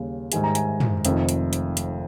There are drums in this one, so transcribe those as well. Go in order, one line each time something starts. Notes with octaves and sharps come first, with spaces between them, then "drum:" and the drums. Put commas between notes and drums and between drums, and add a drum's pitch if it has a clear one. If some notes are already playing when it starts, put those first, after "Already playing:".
Already playing: D#2 C#3 G3
G#2 D#3 G3 G#5, drum: hi-hat
A#5
G#5, drum: hi-hat
drum: tom
F1 F2 D#3, drum: hi-hat
drum: hi-hat
drum: hi-hat
drum: hi-hat